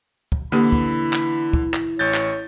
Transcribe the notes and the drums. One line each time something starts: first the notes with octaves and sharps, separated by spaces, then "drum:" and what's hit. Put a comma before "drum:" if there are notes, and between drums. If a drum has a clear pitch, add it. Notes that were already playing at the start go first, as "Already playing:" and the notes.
drum: kick
D3 E3 A#3 G4 B5
drum: kick
drum: clap
drum: kick
drum: clap
A1 C#5 G6 A6
drum: clap